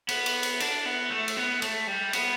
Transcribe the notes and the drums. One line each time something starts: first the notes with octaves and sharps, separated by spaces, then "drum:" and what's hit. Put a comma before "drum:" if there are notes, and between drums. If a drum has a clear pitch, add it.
B3, drum: cymbal
drum: cymbal
drum: cymbal
D4, drum: cymbal
B3
A3
drum: cymbal
B3
A3, drum: cymbal
G3
B3, drum: cymbal